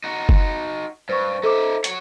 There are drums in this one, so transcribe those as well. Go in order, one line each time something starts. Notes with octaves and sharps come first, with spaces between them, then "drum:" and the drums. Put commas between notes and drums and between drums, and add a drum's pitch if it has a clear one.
D#4 F#4
drum: kick F#1
G2 C5 C#6
D#4 A4 C5 E5 D6
F#4 C#5, drum: hi-hat